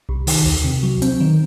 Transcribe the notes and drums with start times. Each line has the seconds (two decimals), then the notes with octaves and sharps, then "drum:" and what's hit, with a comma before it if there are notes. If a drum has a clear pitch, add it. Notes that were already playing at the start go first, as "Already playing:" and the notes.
0.09 C2
0.27 D#3, drum: open hi-hat
0.46 D#2
0.64 C3
0.83 F#3
1.02 C4, drum: hi-hat
1.20 D#3